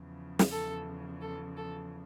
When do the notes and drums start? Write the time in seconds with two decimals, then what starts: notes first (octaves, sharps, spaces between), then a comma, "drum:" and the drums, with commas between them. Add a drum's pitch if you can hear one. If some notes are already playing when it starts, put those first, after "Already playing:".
Already playing: E2 C#3 F3
0.39 drum: snare
0.51 A4
1.21 A4
1.57 A4